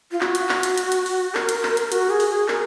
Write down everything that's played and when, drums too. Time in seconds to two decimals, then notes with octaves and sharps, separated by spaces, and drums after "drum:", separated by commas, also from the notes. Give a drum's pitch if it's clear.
0.12 F4
0.21 F#4, drum: clap
0.35 drum: hi-hat
0.49 drum: clap
0.63 drum: hi-hat
0.78 drum: hi-hat
0.92 drum: hi-hat
1.06 drum: open hi-hat
1.35 A#4, drum: clap
1.49 drum: hi-hat
1.63 drum: clap
1.77 drum: hi-hat
1.92 F#4, drum: hi-hat
2.10 G#4
2.20 drum: open hi-hat
2.30 G#4
2.48 A#4, drum: clap